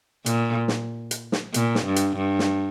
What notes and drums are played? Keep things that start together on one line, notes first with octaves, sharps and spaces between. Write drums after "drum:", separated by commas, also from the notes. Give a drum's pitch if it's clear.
A#2, drum: hi-hat
drum: snare
drum: hi-hat
drum: snare
A#2, drum: hi-hat
drum: snare
G2
drum: hi-hat
G2
drum: snare